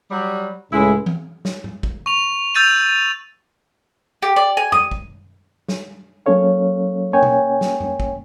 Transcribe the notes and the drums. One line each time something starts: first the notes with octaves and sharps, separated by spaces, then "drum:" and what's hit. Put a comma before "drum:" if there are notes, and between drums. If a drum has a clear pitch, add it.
F#3 G3
C#2 A2 G#3 E4
drum: tom E3
drum: snare
drum: tom G#2
drum: kick
C#6 F7
E6 G6 A6 D#7 F7
G4
D5
G#5
D#6, drum: tom F#2
drum: kick
drum: snare
F#3 A#3 C#4 A4 C#5 F5
A#3 C#4 C#5 G5 G#5
drum: tom B2
drum: snare
drum: tom F#2
drum: kick